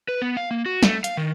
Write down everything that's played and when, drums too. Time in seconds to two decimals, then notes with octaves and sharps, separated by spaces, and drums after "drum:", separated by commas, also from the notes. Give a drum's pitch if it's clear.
0.08 B4
0.22 B3
0.37 F5
0.51 A#3
0.66 F#4
0.83 A3, drum: snare
1.04 F5, drum: hi-hat
1.17 D#3